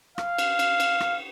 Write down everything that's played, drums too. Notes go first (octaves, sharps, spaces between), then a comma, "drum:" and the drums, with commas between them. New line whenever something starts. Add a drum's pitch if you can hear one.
F5, drum: rim click
drum: cymbal
drum: cymbal
drum: cymbal
drum: rim click